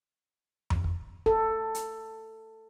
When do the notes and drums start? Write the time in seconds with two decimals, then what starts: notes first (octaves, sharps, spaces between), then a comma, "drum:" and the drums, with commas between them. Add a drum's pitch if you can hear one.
0.70 drum: tom F2
0.84 drum: kick
1.26 A4, drum: kick
1.75 drum: hi-hat